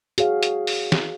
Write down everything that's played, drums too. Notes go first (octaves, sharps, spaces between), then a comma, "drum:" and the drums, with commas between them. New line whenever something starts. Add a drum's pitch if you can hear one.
F#4 G#4 C#5 F5, drum: hi-hat
drum: hi-hat
drum: open hi-hat
drum: snare